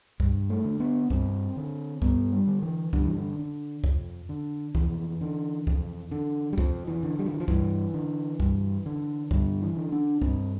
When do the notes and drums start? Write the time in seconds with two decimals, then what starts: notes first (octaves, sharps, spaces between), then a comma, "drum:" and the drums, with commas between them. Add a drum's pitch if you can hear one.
0.20 G2, drum: kick
0.50 A3
0.65 D3
0.80 B3
1.10 G2 C4, drum: kick
1.57 D3
2.02 G2 B3, drum: kick
2.33 G3
2.47 D3
2.62 E3
2.93 G2 D3, drum: kick
3.05 E3
3.17 D3
3.39 D3
3.84 F2, drum: kick
4.29 D3
4.75 F2 E3, drum: kick
5.21 D3
5.67 F2, drum: kick
6.11 D3
6.53 G3
6.58 F2 F3, drum: kick
6.87 E3
7.03 D3
7.19 G3
7.26 F3
7.34 E3
7.40 F3
7.48 G2 E3, drum: kick
7.94 D3
8.40 G2, drum: kick
8.86 D3
9.31 G2 D3, drum: kick
9.62 E3
9.77 D3
9.92 D4
10.22 G2 C4, drum: kick